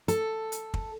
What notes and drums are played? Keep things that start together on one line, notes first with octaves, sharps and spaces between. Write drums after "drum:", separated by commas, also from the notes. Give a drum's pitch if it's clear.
A4, drum: hi-hat
drum: hi-hat
drum: kick